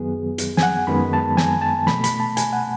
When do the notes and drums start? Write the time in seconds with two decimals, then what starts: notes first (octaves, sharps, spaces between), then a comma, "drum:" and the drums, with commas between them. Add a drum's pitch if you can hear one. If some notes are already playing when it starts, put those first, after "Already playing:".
Already playing: F#2 D#3 F#3 B3 G#4
0.38 drum: hi-hat
0.57 G#5, drum: snare
0.63 F#5
0.87 F#2 D#3 G#3 B3 B5
1.13 A5
1.37 G#5, drum: snare
1.62 A5
1.87 B2 A3 B5, drum: snare
2.04 B5, drum: hi-hat
2.20 A5
2.37 G#5, drum: hi-hat
2.53 F#5